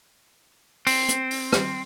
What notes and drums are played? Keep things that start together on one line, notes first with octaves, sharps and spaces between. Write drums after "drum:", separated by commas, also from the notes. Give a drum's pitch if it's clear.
C4, drum: open hi-hat
drum: hi-hat
drum: open hi-hat
drum: rim click